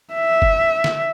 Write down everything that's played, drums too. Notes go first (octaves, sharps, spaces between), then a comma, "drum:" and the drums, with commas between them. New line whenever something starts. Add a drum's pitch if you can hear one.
E5
drum: kick
drum: snare